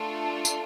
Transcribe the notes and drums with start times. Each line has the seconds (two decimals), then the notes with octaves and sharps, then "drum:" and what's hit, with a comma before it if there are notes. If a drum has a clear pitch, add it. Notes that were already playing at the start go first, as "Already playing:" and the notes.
Already playing: A3 D4 F4 A4
0.45 drum: tambourine